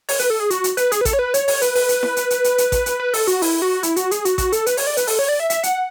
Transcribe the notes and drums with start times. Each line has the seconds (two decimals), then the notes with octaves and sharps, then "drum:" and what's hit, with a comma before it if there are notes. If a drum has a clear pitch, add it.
0.09 C#5, drum: open hi-hat
0.19 B4, drum: hi-hat
0.30 A4
0.40 G#4
0.50 F#4, drum: hi-hat
0.64 drum: hi-hat
0.77 B4, drum: hi-hat
0.92 G#4, drum: hi-hat
1.01 B4
1.05 A4, drum: kick A1, hi-hat
1.13 C#5
1.19 B4
1.34 C#5, drum: hi-hat
1.48 C#5, drum: open hi-hat
1.62 B4, drum: hi-hat
1.75 B4, drum: open hi-hat
1.89 drum: hi-hat
2.03 drum: snare E4
2.17 drum: hi-hat
2.30 drum: hi-hat
2.44 drum: hi-hat
2.58 drum: hi-hat
2.72 drum: kick A1, hi-hat
2.86 drum: hi-hat
3.00 B4
3.14 A4, drum: open hi-hat
3.27 F#4, drum: hi-hat
3.42 E4, drum: open hi-hat
3.62 F#4
3.83 E4, drum: hi-hat
3.96 F#4, drum: hi-hat
4.11 G#4, drum: hi-hat
4.25 F#4, drum: hi-hat
4.38 F#4, drum: kick A1, hi-hat
4.52 A4, drum: hi-hat
4.66 B4, drum: hi-hat
4.77 C#5, drum: open hi-hat
4.87 D5
4.97 B4, drum: hi-hat
5.07 A4, drum: open hi-hat
5.19 C#5
5.29 D5
5.40 E5
5.50 E5, drum: hi-hat
5.63 F#5, drum: hi-hat